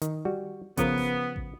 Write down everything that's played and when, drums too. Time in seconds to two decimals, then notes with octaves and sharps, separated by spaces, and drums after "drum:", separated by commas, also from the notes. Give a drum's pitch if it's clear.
0.02 D#3, drum: hi-hat
0.25 G3 F#4
0.77 C#3 F3 B3 A#4, drum: kick A1, hi-hat
0.98 drum: snare F#1
1.36 drum: kick A1